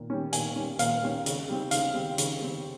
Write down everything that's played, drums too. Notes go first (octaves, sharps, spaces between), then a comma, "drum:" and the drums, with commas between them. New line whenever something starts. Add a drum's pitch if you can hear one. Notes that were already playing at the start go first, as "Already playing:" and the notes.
Already playing: A#2
G3 C#4
A#2 G#5, drum: hi-hat
G3 C#4
A#2 F5, drum: hi-hat
G3 C#4
C#3, drum: hi-hat
G3 C4
C#3 F5, drum: hi-hat
G3 C4
C#3, drum: hi-hat
G3 C4